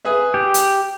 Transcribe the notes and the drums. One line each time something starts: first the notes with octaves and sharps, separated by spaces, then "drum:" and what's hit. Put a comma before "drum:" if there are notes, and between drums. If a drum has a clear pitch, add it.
G#4 B4 E5
G4
drum: hi-hat